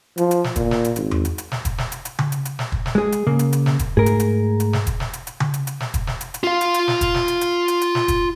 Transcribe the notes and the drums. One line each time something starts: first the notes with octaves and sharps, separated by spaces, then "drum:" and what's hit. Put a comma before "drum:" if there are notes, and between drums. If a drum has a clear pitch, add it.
F3, drum: hi-hat
drum: hi-hat
drum: snare
A#2, drum: kick, hi-hat
drum: snare
drum: hi-hat
G#1, drum: hi-hat
drum: tom E2
drum: hi-hat
drum: hi-hat
drum: snare
drum: kick, hi-hat
drum: snare
drum: hi-hat
drum: hi-hat
drum: tom C#3
drum: hi-hat
drum: hi-hat
drum: snare
drum: kick
drum: snare
G#3 G#4
drum: hi-hat
C#3 A#3
drum: hi-hat
drum: hi-hat
drum: snare
drum: kick, hi-hat
G#2 A3 G#4 A#4
drum: hi-hat
drum: hi-hat
drum: hi-hat
drum: snare
drum: kick, hi-hat
drum: snare
drum: hi-hat
drum: hi-hat
drum: tom C#3
drum: hi-hat
drum: hi-hat
drum: snare
drum: kick, hi-hat
drum: snare
drum: hi-hat
drum: hi-hat
F4 F5
drum: hi-hat
drum: hi-hat
drum: snare
drum: kick, hi-hat
drum: snare
drum: hi-hat
drum: hi-hat
drum: hi-hat
drum: hi-hat
drum: snare
drum: kick, hi-hat